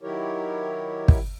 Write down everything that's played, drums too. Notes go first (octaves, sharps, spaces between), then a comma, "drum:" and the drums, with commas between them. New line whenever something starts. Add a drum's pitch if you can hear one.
D#3 F#3 E4 G4 A#4 C#5
drum: kick